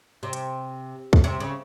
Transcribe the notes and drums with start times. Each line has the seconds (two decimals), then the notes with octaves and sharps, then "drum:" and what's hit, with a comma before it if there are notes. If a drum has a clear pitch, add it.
0.23 C3
0.33 drum: hi-hat
1.13 drum: kick
1.24 C3
1.40 C#3